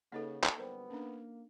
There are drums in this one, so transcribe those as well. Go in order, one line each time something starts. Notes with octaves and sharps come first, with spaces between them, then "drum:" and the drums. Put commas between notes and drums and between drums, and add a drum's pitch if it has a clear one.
C#3 A#3 D#4 A4 B4 D#5 F#5
drum: clap
F#2 D3 G3 B3 A#4 C5 G5
A#3 C#4 D4